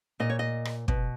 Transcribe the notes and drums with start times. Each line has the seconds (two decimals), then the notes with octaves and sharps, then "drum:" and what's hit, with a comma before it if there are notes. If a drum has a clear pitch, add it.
0.20 A#2 D#5
0.30 C#5
0.39 D#5
0.65 drum: rim click
0.88 B2, drum: kick